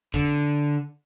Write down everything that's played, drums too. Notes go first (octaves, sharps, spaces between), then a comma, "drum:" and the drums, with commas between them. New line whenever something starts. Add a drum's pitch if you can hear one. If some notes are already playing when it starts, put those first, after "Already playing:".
D3, drum: kick